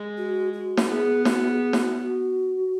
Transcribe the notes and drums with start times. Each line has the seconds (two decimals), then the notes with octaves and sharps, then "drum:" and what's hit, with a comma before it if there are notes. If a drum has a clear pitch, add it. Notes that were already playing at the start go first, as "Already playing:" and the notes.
Already playing: G#3
0.18 F#4
0.53 F#4
0.77 drum: snare
0.89 B3 G#4
1.25 F#4, drum: snare
1.49 G#4
1.73 F#4, drum: snare
1.97 F#4